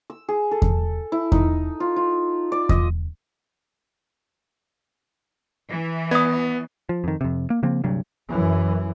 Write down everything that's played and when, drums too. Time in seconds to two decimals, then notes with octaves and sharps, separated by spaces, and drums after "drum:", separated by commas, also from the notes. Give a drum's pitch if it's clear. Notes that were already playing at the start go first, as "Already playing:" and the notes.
0.10 E6
0.29 G#4
0.51 A4
0.62 drum: kick E2
1.12 E4
1.32 D#4, drum: kick E2
1.80 F4
1.96 F4
2.52 D5
2.69 D#5, drum: kick E2
5.69 E3
6.11 B3 D5 D#6
6.89 F3
7.04 F2 D#3
7.21 F2 C3
7.50 A#3
7.63 C#3 F3 A#3 C4
7.84 D2 G2 C3 F#3
8.29 F#2 E3